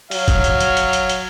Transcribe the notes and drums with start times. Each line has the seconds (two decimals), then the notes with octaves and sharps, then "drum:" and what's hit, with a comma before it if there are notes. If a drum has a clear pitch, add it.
0.11 F#3 F5, drum: open hi-hat
0.28 drum: kick, hi-hat
0.44 drum: hi-hat
0.60 drum: hi-hat
0.77 drum: hi-hat
0.93 drum: hi-hat
1.09 drum: hi-hat